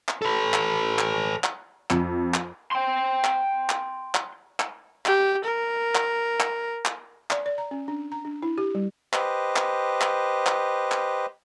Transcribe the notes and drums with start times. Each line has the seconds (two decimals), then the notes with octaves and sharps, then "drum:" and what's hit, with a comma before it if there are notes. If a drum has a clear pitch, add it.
0.09 drum: clap
0.22 A4 B4
0.54 drum: clap
0.99 drum: clap
1.44 drum: clap
1.91 F2, drum: clap
2.34 drum: clap
2.71 G5 C6
3.24 drum: clap
3.70 drum: clap
4.15 drum: clap
4.60 drum: clap
5.06 G4, drum: clap
5.44 A#4
5.95 drum: clap
6.40 drum: clap
6.86 drum: clap
7.31 D5, drum: clap
7.46 D5
7.58 A#5
7.71 C#4
7.88 D4
8.12 A#5
8.25 D4
8.43 E4
8.58 G4
8.75 G3
9.13 G4 B4 C5 D#5, drum: clap
9.56 drum: clap
10.01 drum: clap
10.47 drum: clap
10.92 drum: clap